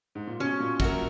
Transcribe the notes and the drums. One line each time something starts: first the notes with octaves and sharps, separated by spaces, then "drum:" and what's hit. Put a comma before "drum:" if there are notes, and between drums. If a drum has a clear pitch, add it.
G#2
A#2
B2 C#4
A#2
F#2 F#4 A#4, drum: kick